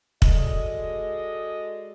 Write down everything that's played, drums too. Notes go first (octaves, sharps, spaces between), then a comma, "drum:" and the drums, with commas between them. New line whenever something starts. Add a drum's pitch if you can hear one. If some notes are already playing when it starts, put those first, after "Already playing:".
G#3 F#4 A4 D5 D#5, drum: kick